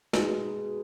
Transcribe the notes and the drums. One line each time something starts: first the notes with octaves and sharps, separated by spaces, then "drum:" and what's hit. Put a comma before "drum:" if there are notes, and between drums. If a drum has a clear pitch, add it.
B2 G#3 D#4, drum: snare